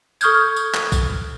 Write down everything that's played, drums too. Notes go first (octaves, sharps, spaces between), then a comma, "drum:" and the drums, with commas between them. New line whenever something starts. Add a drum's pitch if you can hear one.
A4 C#6 D#6 F6 G6 G#6, drum: tambourine
drum: tambourine
drum: clap
drum: kick A#1, tambourine